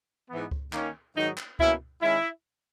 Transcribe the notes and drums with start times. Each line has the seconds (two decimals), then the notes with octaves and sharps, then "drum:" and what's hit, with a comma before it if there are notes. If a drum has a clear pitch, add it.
0.29 G#2 E3 B3
0.51 drum: kick C#2
0.73 D#3 A#3 C#4, drum: clap
1.16 G#2 D#3 F#3 D#4
1.38 drum: clap
1.59 B2 A#3 C#4 E4, drum: kick C#2
2.02 D#3 G#3 C#4 E4